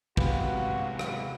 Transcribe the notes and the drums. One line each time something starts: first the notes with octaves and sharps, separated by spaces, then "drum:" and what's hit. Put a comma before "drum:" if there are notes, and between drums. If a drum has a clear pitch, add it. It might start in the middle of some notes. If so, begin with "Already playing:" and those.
C3 G#3 B3 F#4 G4 F5, drum: kick
drum: rim click